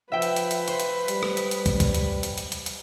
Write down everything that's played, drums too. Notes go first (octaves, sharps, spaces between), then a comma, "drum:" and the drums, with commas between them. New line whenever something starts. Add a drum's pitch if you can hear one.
F3 B4 E5 G5
drum: hi-hat
drum: hi-hat
drum: hi-hat
C5, drum: hi-hat
drum: hi-hat
G3, drum: hi-hat
drum: rim click
drum: hi-hat
drum: hi-hat
drum: kick, hi-hat
drum: kick, hi-hat
drum: hi-hat
drum: hi-hat
drum: hi-hat
drum: hi-hat
drum: hi-hat